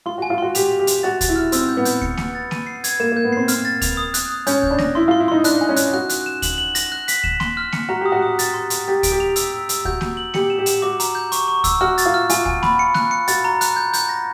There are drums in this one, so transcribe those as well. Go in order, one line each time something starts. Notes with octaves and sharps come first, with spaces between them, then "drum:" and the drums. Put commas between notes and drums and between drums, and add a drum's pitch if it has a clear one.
F4 C6
F#4 G#5
F4
F#4 C6
G4 F7, drum: hi-hat
F7
G4
F7, drum: hi-hat
F#4 A6
A6, drum: kick D2, hi-hat
E4
F6
C4 E6, drum: hi-hat
G6
B3
G6, drum: hi-hat
C#7, drum: kick D2
C#7, drum: snare A#3
A6
D#7, drum: snare A#3
C7
G#6, drum: hi-hat
A#3 E7
A#3 G6
B3
C4 C7
C4 F6, drum: hi-hat
A6
F7, drum: kick D2, hi-hat
D#6
F#6, drum: hi-hat
D#6
C#4 G6, drum: hi-hat
G6, drum: kick D2
D4
A#6, drum: snare A#3
E4 C6
F4 C6
E4
D#4 C6
D4 F#6, drum: hi-hat
G#5
C#4
F#6, drum: hi-hat
F#4 F#6
F#6, drum: hi-hat
E7
F#7, drum: kick D2, hi-hat
F#7
A#6, drum: hi-hat
F#6
B6, drum: hi-hat
E7, drum: kick D2
C6, drum: snare A#3
F6
C#7, drum: snare A#3
F#4 A#5
G4 D#6
F#4
D#6
A6, drum: hi-hat
C6
C6, drum: hi-hat
G4 A6
D7, drum: kick D2, hi-hat
G4
F7
E6, drum: hi-hat
E6
E6, drum: hi-hat
F#4 G6, drum: kick D2
G6, drum: snare A#3
F#7
G4 C#7, drum: snare A#3
E7
G4
E7, drum: hi-hat
F#4 D6
A#5, drum: hi-hat
G6
C#6, drum: hi-hat
C#6
E6, drum: kick D2, hi-hat
F#4 F6
A6, drum: hi-hat
F4
F6
F4 G#5, drum: hi-hat
G#5, drum: kick D2
B5, drum: snare A#3
C#7
F#6, drum: snare A#3
C#7
F#4 A6, drum: hi-hat
A#5
F#6, drum: hi-hat
G6
G6, drum: hi-hat
A#6